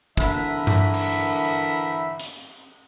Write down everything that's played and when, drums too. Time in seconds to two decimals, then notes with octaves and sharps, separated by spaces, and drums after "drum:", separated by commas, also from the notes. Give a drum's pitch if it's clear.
0.17 D3 E3 A#4 E5 B5, drum: kick
0.67 drum: tom G2
0.94 drum: cymbal
2.19 drum: hi-hat